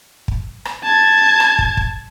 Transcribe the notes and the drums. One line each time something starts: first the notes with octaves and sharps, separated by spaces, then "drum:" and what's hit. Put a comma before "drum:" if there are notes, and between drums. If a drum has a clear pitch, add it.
drum: kick
drum: rim click
A5 G#6
drum: rim click
drum: kick
drum: kick